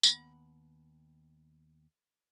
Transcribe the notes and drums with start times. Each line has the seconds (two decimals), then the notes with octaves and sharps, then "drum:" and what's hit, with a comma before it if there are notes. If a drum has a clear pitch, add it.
0.03 D#2 B3 F#5 B5, drum: tambourine